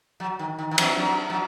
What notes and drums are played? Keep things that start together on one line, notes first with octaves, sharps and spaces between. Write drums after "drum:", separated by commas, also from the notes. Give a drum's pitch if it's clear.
F#3
D#3
D#3
D#3
F#3, drum: cymbal
F#3
F#3